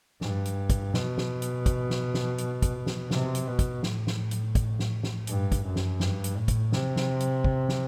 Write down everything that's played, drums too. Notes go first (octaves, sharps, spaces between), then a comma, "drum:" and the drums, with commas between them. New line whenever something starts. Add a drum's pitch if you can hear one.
G2, drum: snare
drum: hi-hat
drum: kick, hi-hat
B2, drum: snare
drum: snare
drum: hi-hat
drum: kick, hi-hat
drum: snare
drum: snare
drum: hi-hat
drum: kick, hi-hat
drum: snare
C3, drum: snare
drum: hi-hat
B2
drum: kick, hi-hat
A2, drum: snare
drum: snare
drum: hi-hat
drum: kick, hi-hat
drum: snare
drum: snare
G2, drum: hi-hat
drum: kick, hi-hat
F#2
drum: snare
G2, drum: snare
drum: hi-hat
A2
drum: kick, hi-hat
C3, drum: snare
drum: snare
drum: hi-hat
drum: kick
drum: snare